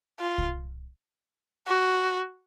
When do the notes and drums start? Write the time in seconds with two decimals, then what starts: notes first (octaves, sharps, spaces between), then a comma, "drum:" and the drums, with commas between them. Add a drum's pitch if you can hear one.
0.20 F4
0.38 drum: kick C2
1.67 F#4